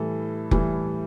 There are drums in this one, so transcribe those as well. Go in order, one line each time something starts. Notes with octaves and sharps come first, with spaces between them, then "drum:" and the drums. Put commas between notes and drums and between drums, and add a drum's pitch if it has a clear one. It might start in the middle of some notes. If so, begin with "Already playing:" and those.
Already playing: A2 E3 G3 A4
A2 E3 G3, drum: kick F1